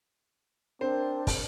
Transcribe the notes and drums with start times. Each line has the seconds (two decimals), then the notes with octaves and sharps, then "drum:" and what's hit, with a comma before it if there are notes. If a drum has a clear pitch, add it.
0.81 C4 D4 A#4 C5
1.27 drum: kick, open hi-hat